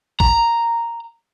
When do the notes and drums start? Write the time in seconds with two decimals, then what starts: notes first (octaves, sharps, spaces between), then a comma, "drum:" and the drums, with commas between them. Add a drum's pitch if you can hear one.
0.20 A#5, drum: kick